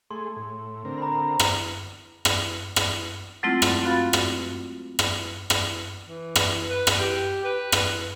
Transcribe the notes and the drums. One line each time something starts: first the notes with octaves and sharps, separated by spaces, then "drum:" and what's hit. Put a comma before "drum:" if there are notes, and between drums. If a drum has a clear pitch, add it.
A3 G#4 C6
A2
D3 C4 A#4
A#5 B5
drum: rim click
drum: rim click
drum: rim click
F#3 G#3 A3 C4 E4 F4
drum: rim click
C4 F4 F#4 F5 B5 A6
drum: rim click
drum: rim click
drum: rim click
E3
drum: rim click
B4
drum: rim click
G4
B4
drum: rim click